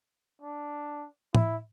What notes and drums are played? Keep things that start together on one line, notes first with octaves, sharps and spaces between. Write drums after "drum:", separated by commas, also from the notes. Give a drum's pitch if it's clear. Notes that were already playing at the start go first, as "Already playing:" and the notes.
D4
E4, drum: tom A2